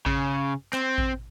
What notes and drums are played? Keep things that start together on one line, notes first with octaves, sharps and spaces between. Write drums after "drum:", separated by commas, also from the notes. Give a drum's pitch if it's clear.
C#3, drum: kick A1
C4, drum: clap
drum: kick A1